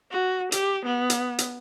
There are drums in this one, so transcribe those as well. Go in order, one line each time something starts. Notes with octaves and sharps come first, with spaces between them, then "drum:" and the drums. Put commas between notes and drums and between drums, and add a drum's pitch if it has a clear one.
F#4
G4, drum: hi-hat
B3
drum: hi-hat
drum: hi-hat